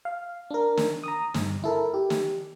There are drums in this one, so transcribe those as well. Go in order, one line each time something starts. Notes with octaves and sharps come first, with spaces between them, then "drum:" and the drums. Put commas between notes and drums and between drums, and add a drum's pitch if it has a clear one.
F5
D4 A#4
drum: snare
A#5 D#6
G2 D3, drum: snare
E4 A4 A#4
G4
drum: snare